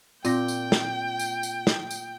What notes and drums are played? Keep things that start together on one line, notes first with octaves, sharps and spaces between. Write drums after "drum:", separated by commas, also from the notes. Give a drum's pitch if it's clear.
A#2 C4 G5 A#6, drum: tambourine
drum: tambourine
drum: snare
drum: tambourine
drum: tambourine
drum: snare
drum: tambourine